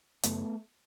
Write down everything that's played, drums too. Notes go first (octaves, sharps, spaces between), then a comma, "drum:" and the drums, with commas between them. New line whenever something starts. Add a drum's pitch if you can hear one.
F#2 C#3 A3 B3, drum: hi-hat